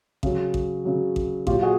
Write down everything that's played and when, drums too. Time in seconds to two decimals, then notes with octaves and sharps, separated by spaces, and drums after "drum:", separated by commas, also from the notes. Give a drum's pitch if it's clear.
0.23 C#3 F#3, drum: kick A1
0.54 drum: kick A1
0.85 C#3 F#3
1.16 drum: kick A1
1.47 A#2 F#3 F4 G4, drum: kick A1
1.62 F#4 G#4